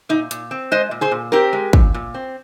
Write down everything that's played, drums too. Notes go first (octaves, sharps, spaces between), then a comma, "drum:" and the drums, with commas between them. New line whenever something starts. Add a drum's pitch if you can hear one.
A#2 D#4
A#2, drum: hi-hat
C4
G#3 C5 D#5
A#2
G#4 C5
A#2
C4 G4 A#4
G#3
A#2, drum: kick
A#2
C4